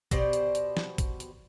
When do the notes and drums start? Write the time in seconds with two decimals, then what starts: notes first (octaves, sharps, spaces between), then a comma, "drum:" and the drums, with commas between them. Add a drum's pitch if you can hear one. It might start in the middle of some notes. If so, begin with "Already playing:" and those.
0.11 B2 G4 C5 D5, drum: kick, hi-hat
0.33 drum: hi-hat
0.55 drum: hi-hat
0.77 drum: snare
0.98 drum: kick, hi-hat
1.20 drum: hi-hat